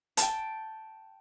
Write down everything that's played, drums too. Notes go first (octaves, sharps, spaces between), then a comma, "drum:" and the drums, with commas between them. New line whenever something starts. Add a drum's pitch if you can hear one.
G5 A5, drum: hi-hat